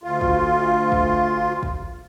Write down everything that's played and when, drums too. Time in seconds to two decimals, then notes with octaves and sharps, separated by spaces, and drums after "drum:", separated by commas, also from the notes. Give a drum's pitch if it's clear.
0.03 D2 F4
0.21 drum: kick
0.92 drum: kick
1.63 drum: kick